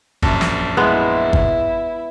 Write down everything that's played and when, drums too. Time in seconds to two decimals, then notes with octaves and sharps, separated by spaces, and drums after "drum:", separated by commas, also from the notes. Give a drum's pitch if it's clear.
0.22 A#1 F#2 A5, drum: kick G1
0.41 drum: snare
0.77 G#3 B3 E4
1.33 drum: kick G1